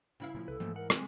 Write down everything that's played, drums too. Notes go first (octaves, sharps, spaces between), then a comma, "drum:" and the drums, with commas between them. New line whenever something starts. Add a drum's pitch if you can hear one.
C#3 E4 F5
A#2 E3 F3
C2 A4 B4
G#2 E3 F3 A3 A#3
A#4 F#5
G#3 C4, drum: rim click